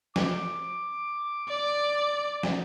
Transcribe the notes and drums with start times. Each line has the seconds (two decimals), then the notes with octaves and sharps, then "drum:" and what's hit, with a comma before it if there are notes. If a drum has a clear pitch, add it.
0.16 D6, drum: snare
1.49 D5
2.43 drum: snare